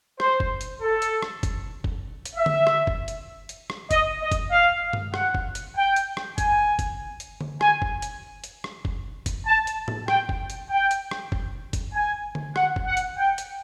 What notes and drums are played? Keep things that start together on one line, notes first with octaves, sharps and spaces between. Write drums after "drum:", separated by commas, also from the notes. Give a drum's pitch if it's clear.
C5, drum: rim click
drum: kick
drum: hi-hat
A4
drum: hi-hat
drum: rim click
drum: kick, hi-hat
drum: kick
drum: hi-hat
E5
drum: tom D3
drum: rim click
drum: kick
drum: hi-hat
drum: hi-hat
drum: rim click
D#5, drum: kick, hi-hat
D#5
drum: kick, hi-hat
F5
drum: tom G2
F#5, drum: rim click
drum: kick
drum: hi-hat
G5
drum: hi-hat
drum: rim click
G#5, drum: kick, hi-hat
drum: kick, hi-hat
drum: hi-hat
drum: tom D3
G#5, drum: rim click
drum: kick
drum: hi-hat
drum: hi-hat
drum: rim click
drum: kick
drum: kick, hi-hat
A5
drum: hi-hat
drum: tom A2
G5, drum: rim click
drum: kick
drum: hi-hat
G5
drum: hi-hat
drum: rim click
drum: kick
drum: kick, hi-hat
G#5
drum: tom D3
F#5, drum: rim click
drum: kick
F#5
drum: hi-hat
G5
drum: hi-hat